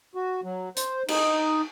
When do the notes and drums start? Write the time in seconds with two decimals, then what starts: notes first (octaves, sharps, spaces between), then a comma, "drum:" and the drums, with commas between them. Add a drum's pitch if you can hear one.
0.15 F#4
0.44 F#3
0.76 C5, drum: hi-hat
1.08 D#4, drum: cymbal